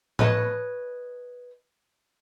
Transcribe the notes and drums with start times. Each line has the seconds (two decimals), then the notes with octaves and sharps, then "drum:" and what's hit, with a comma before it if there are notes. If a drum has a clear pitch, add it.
0.19 B4 C#5 D#5 A5, drum: tom